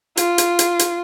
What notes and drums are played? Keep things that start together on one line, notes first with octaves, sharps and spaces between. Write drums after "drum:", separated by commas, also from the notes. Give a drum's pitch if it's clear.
F4, drum: hi-hat
drum: hi-hat
drum: hi-hat
drum: hi-hat